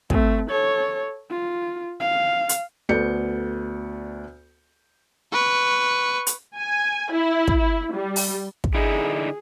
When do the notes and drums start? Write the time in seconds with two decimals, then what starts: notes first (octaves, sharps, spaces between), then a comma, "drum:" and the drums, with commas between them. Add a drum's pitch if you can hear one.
0.10 A3 C4, drum: kick
0.50 A4 C#5
1.30 F4
2.00 F5
2.49 drum: hi-hat
2.89 D2 B3 A4 D5 G6 C#7
5.32 B4 C#6
6.27 drum: hi-hat
6.57 G#5
7.12 E4
7.48 drum: kick
7.58 E4
7.93 G3
8.16 drum: open hi-hat
8.64 drum: kick
8.74 D3 D#4 E4 G#4